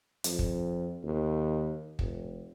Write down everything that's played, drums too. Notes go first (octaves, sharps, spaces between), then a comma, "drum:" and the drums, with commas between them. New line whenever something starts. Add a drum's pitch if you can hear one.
F2, drum: hi-hat
drum: kick
D#2
F1, drum: kick